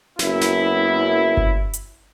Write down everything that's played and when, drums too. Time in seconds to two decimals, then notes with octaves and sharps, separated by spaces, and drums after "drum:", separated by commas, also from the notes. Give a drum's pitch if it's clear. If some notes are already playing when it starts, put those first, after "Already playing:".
0.19 F#1 F#2 B3 E4, drum: snare
0.41 drum: snare
1.37 drum: kick G1
1.73 drum: hi-hat